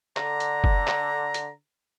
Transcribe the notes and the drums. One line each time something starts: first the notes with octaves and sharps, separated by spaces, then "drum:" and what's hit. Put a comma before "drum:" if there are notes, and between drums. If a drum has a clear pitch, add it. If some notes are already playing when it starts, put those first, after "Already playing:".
D3 A#5, drum: clap
drum: hi-hat
drum: kick
drum: clap
drum: hi-hat